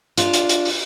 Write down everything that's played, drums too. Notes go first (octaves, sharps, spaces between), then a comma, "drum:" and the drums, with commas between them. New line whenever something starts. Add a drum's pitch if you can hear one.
D4 F4, drum: hi-hat
drum: hi-hat
drum: hi-hat
drum: open hi-hat